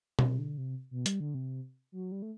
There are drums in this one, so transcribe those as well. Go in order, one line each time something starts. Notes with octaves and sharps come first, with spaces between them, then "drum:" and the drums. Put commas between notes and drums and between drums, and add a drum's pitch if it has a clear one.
C3, drum: tom B2
D3
C3
B2
G3, drum: hi-hat
D3
C3
F#3
G3
A3